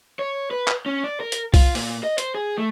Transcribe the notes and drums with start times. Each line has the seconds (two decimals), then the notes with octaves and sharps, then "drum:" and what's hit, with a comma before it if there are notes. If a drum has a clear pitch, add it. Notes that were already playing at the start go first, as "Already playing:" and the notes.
0.19 C#5
0.51 B4
0.68 drum: clap
0.86 C#4
1.04 D5
1.20 A#4
1.32 drum: hi-hat
1.54 F4, drum: kick C2, open hi-hat
1.75 A#2, drum: open hi-hat
2.04 D#5
2.18 C5, drum: hi-hat
2.35 G#4
2.58 A3